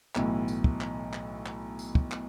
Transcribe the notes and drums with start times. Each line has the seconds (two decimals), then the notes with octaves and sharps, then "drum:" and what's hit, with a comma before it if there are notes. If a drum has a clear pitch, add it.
0.15 B1 A2 E3, drum: clap
0.48 drum: tambourine
0.64 drum: kick
0.81 drum: clap
1.13 drum: clap
1.46 drum: clap
1.79 drum: tambourine
1.95 drum: kick
2.12 drum: clap